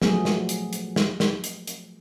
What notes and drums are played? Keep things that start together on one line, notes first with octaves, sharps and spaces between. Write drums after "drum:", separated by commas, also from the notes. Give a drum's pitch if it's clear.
F3 F#3 A3 B3 G#4, drum: snare
drum: snare
drum: hi-hat
drum: hi-hat
drum: snare
drum: snare
drum: hi-hat
drum: hi-hat